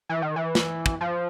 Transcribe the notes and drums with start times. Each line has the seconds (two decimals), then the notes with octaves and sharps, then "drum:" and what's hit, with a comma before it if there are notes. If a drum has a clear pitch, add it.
0.09 E3
0.22 D#3
0.36 E3
0.55 drum: snare
0.86 drum: kick
1.01 F3